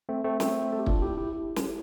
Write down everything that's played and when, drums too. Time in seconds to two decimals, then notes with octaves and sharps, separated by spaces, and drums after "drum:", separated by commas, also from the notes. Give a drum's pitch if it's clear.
0.09 A3 C4
0.24 A3 C4
0.40 A3 C4, drum: snare
0.72 A4
0.79 G4
0.86 D4 F4, drum: kick
1.02 E4 G4
1.17 E4 G4
1.33 E4 G4
1.56 A4, drum: snare
1.64 E4 G4